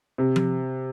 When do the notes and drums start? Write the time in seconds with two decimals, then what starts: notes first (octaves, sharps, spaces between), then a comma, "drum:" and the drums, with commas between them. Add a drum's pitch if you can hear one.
0.18 C3
0.36 drum: tom F3